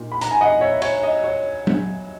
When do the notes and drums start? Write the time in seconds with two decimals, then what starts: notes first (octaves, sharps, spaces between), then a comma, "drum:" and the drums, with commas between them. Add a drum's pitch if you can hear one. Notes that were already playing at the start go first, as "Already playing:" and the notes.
Already playing: A#2 A#3 D#4
0.12 B5
0.21 A#5, drum: hi-hat
0.31 G#5
0.41 D#5 F#5
0.61 C#5 E5
0.82 C#5, drum: cymbal
1.03 D#5
1.24 C#5
1.67 drum: tom F#3